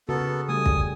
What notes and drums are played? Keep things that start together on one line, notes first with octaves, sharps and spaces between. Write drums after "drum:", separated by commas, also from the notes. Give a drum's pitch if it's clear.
C#3 B3 F#4 A4 A#4
C#3 G3 A3 G#5 D#6
drum: kick